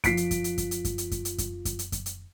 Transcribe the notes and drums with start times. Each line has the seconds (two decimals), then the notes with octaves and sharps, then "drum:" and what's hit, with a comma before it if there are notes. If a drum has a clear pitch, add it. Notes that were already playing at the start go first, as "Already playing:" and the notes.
0.04 F3 B6 C7 D7, drum: kick F#2, hi-hat
0.17 drum: hi-hat
0.31 drum: kick F#2, hi-hat
0.44 drum: hi-hat
0.58 drum: kick F#2, hi-hat
0.71 drum: hi-hat
0.85 drum: kick F#2, hi-hat
0.98 drum: hi-hat
1.11 drum: kick F#2, hi-hat
1.25 drum: hi-hat
1.38 drum: kick F#2, hi-hat
1.65 drum: kick F#2, hi-hat
1.79 drum: hi-hat
1.92 drum: kick F#2, hi-hat
2.06 drum: hi-hat